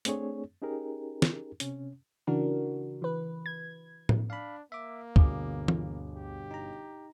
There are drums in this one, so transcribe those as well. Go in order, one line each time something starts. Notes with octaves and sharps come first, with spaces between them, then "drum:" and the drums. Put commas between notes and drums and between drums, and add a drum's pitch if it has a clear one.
A3 C4 D4 G#4 C#5, drum: hi-hat
C#4 D#4 G4 G#4 A#4
drum: snare
C3 C#4, drum: hi-hat
C#3 E3 D4 F#4 A#4
E3 B4
G#6
drum: tom A2
D4 F5 B5
A#3 E5 D6
G1 D2 B2 G#4 D6, drum: kick
drum: tom E3
G4
D#4 A#5